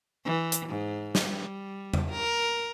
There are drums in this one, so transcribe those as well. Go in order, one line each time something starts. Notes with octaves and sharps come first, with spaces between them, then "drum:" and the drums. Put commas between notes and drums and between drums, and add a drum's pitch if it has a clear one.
E3
drum: hi-hat
G#2
drum: snare
G3
drum: tom E2
A#4